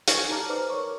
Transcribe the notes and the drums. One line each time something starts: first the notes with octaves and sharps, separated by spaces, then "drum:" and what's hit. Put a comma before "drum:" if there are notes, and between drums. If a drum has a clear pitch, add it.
A4 G#5 C#6 G#6, drum: hi-hat
D#4 G4 A5 A#5 D6 F6
B4 C5 D5 A#5 D6 F6
A#4 C#5 C#6